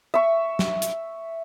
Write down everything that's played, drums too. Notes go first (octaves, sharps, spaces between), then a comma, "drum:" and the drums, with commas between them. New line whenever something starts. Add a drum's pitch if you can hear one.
E5 C#6
drum: snare
drum: hi-hat